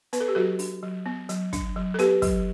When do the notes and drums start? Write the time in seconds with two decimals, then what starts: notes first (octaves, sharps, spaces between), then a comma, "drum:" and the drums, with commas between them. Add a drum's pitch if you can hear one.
0.13 B3 B4, drum: hi-hat
0.20 A4
0.28 G4
0.35 F#3 F#4 A4
0.59 D4, drum: open hi-hat
0.83 F#3
1.06 B3
1.29 F#3, drum: hi-hat
1.53 D4, drum: kick, hi-hat
1.76 F#3
1.94 A4
1.99 B3 G4 B4, drum: hi-hat
2.22 F#3, drum: kick, open hi-hat